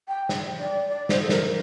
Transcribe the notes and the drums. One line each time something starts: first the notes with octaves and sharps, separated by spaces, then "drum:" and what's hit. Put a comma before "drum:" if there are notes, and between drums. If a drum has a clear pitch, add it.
G5
drum: snare
D5
D5
C5, drum: snare
A4
A#4, drum: snare